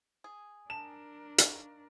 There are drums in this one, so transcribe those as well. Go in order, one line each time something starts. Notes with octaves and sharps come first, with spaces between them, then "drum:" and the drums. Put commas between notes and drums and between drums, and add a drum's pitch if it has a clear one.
G#4
D4 A#4 A5 E7
D#4 F5 C#6, drum: hi-hat